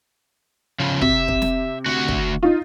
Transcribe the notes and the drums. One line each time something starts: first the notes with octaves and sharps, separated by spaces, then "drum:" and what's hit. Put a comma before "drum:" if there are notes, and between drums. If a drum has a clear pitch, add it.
C#3 F3
C3 E5, drum: kick
drum: kick
drum: snare
D2 F#4
drum: kick
D#4 F4